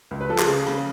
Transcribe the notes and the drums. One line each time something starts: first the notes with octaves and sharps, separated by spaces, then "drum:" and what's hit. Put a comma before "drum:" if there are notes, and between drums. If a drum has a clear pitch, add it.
C#2
B4
F3 A4
G#4, drum: clap
C#3
C#3, drum: rim click